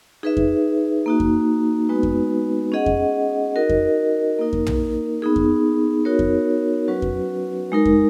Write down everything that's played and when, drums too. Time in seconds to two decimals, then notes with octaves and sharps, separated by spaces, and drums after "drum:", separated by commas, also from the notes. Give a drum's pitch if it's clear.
0.23 D#4 G#4 B4 E5
0.37 drum: kick F2
1.06 A#3 D#4 F#4
1.20 drum: kick F2
1.89 G#3 B3 D#4 F#4 B4
2.03 drum: kick F2
2.72 C#4 G#4 D#5 F#5
2.86 drum: kick F2
3.56 D#4 F#4 A#4 D#5
3.69 drum: kick F2
4.39 A#3 D#4 A#4
4.53 drum: kick F2
4.66 drum: tom
5.22 B3 D#4 G#4
5.36 drum: kick F2
6.05 B3 D#4 F#4 A#4 C#5
6.19 drum: kick F2
6.88 F#3 C#4 F#4 B4
7.02 drum: kick F2
7.72 G#3 D#4 A#4
7.85 drum: kick F2